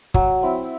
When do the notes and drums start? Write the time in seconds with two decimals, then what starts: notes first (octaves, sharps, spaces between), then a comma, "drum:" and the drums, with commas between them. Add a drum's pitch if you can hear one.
0.14 F#3, drum: kick
0.43 C4 E4